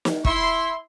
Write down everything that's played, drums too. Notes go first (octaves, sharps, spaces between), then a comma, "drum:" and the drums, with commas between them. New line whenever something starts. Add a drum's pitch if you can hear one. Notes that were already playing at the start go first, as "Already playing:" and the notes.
drum: snare
E4 C6, drum: kick